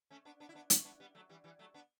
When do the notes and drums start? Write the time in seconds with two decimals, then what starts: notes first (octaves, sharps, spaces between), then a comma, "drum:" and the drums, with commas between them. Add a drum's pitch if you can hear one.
0.11 A3 C#4
0.25 B3 D4
0.40 B3 D4
0.49 E4
0.55 B3 D4
0.70 C#4 E4, drum: hi-hat
0.85 B3 D4
1.00 G3 B3
1.15 F#3 A3
1.29 E3 G3
1.44 E3 G3
1.59 F#3 A3
1.74 B3 D4